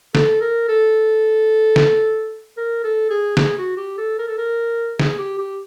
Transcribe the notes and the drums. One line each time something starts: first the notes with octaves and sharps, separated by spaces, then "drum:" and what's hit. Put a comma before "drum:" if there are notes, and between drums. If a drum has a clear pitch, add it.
A4, drum: snare
A#4
A4
drum: snare
A#4
A4
G#4
G#4, drum: snare
F#4
G4
A4
A#4
A4
A#4
G#4, drum: snare
G4
G4